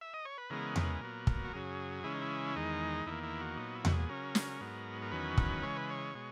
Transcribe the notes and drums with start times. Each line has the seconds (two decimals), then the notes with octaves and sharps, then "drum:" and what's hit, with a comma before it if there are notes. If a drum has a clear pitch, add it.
0.01 E5
0.14 D#5
0.25 C#5
0.38 B4
0.50 C#3 E3 G#3 B3 A#4
0.76 drum: tom E2
1.01 A#2 F#3 B3
1.27 drum: kick
1.45 F#4
1.53 F#2 C#3 F#3 G#4
2.04 C#3 E3 G#3 C#4 E4
2.14 D#4
2.22 E4
2.56 E2 D#3 G#3 D#4
3.06 E2 D#3 A#3 E4
3.23 E4
3.41 F#4
3.57 A#2 F#3 B3 D#4
3.75 E4
3.85 F#4, drum: tom E2
3.92 G#4
4.09 C#3 F#3 C#4 A#4
4.35 drum: snare
4.61 G#2 F#3 B3
5.02 A#4
5.12 E2 D#3 F#3 C#4 B4
5.38 drum: kick
5.63 C#3 E3 G#3 C#5
5.77 B4
5.90 C#5
6.15 B2 G#3